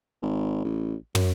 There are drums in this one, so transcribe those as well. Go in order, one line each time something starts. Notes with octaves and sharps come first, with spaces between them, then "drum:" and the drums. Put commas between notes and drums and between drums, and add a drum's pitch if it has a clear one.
G#1
A1
F#2, drum: tom